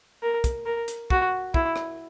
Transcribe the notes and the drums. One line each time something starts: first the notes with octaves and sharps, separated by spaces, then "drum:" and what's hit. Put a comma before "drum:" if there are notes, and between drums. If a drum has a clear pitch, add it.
A#4
drum: kick, hi-hat
A#4
drum: hi-hat
F#4, drum: kick
E4, drum: kick
drum: rim click